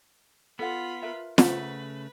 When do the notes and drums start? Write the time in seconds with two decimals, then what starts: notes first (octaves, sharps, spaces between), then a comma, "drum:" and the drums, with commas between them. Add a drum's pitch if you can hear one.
0.59 B3 F4 A4 F#5 B5
1.02 A#4 B4 E5
1.38 C#3 A3 B4 C5 F#5, drum: snare